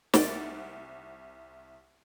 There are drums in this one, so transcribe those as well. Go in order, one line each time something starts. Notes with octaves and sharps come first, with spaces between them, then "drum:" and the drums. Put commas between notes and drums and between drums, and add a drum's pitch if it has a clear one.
C2 F#5 A6 D7, drum: snare